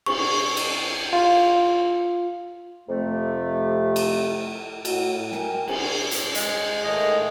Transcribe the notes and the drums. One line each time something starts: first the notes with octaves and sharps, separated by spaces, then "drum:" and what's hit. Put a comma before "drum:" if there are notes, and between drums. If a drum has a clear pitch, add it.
C#6, drum: cymbal
drum: cymbal
F4
F2 C3 A3
drum: cymbal
A2 F#4, drum: cymbal
A#4 G5 G#5, drum: snare
drum: cymbal
drum: hi-hat
G#3, drum: hi-hat
A2 D#3 A3 D#5